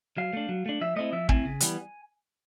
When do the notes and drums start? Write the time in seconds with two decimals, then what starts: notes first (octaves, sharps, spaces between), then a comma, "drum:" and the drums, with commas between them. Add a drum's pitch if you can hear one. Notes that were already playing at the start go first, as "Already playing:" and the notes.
0.17 F#3 F5
0.33 A3 D4
0.49 F#3
0.66 A3 D4
0.81 F3 E5
0.96 A3 C4 E4 D#5
1.12 F3 E5
1.29 A3 C4 E4 G#5, drum: kick
1.45 C#3
1.60 E3 G3 B3, drum: hi-hat